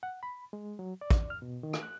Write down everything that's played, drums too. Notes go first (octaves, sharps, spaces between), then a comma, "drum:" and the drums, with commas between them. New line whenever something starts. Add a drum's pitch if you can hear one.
F#5
B5
G#3
F#3
D5
drum: kick, hi-hat
F6
B2
D#3
drum: rim click
F#6